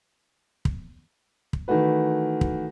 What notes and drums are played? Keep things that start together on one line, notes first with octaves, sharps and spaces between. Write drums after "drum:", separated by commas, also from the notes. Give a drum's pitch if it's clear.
drum: kick
drum: kick
D#3 E3 A3 F#4 B4
drum: kick